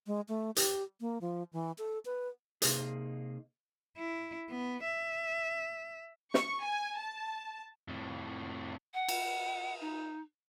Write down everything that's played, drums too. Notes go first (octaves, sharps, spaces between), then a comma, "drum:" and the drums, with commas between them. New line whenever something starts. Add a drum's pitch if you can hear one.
G#3
A3
G4, drum: hi-hat
A#3
F3
E3
A4
B4
C3 A#3 D#4 G#4, drum: hi-hat
E4
B3
E5
C#6, drum: snare
G#5
A5
F2 A2
F#5
drum: cymbal
D#4